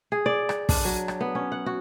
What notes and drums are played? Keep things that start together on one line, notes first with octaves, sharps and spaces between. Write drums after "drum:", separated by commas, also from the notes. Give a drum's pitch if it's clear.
G#4
D5
drum: rim click
D4, drum: kick, open hi-hat
F#3
drum: rim click
B3
C#4
F#5
F#4